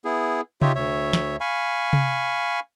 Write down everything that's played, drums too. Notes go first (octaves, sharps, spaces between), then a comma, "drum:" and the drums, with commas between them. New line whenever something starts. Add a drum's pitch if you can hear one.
B3 E4 G#4
D#4 F4 G4 C#5 E5, drum: tom C3
D2 C#5 E5
drum: snare
F5 G#5 B5 C#6
drum: tom C3